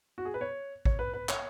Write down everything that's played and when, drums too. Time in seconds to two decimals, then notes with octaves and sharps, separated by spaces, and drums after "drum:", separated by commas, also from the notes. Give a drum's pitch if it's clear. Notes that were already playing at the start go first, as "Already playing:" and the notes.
0.18 F#4
0.25 G#4
0.34 B4
0.41 C#5
0.85 C#5, drum: kick A1
0.99 B4
1.14 B4
1.29 C#5, drum: clap